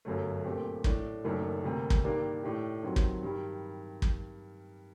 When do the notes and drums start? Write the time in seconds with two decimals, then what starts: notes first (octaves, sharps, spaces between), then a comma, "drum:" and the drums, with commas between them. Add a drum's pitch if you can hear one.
0.05 G1 F#2 F#3 A3
0.45 A#1 A#2 A3 C4 G4
0.84 A2 A3 D4, drum: kick
1.24 F#1 F#2 D#3 A3 D4
1.64 D2 C3 G3 A#3
1.90 drum: kick
2.04 G2 D#3 G3 A#3 D4
2.43 A2 A3 D4 G4
2.83 G2 D#3 F#3 C4 F#4
2.96 drum: kick
3.23 G2 D#3 G3
4.02 drum: kick